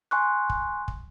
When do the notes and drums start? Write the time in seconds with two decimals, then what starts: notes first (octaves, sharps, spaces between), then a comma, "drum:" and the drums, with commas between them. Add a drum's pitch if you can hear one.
0.11 G#5 C6 C#6 F#6
0.50 drum: kick
0.88 drum: kick